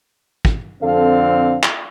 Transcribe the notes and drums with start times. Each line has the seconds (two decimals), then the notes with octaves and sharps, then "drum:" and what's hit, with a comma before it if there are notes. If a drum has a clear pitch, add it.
0.45 drum: kick
0.83 F2 D3 C4 A4 F5
1.63 drum: clap